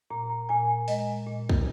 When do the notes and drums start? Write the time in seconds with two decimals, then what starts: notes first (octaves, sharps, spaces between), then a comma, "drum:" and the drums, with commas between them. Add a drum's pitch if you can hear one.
0.10 A#2 A#5
0.30 A#5
0.49 A#2 G#5
0.88 G#3 D#5, drum: open hi-hat
1.27 A#2
1.49 drum: kick